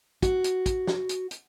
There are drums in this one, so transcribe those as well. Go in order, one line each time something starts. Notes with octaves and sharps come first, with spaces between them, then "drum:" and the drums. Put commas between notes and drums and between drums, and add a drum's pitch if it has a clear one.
F#4, drum: kick, hi-hat
drum: hi-hat
drum: kick, hi-hat
drum: snare
drum: hi-hat
drum: hi-hat